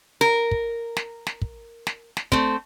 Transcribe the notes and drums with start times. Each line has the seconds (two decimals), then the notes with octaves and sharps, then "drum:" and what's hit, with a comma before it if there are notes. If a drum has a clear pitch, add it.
0.21 A#4
0.51 drum: kick
0.96 drum: snare
1.27 drum: snare
1.42 drum: kick
1.87 drum: snare
2.17 drum: snare
2.32 A3 C4, drum: kick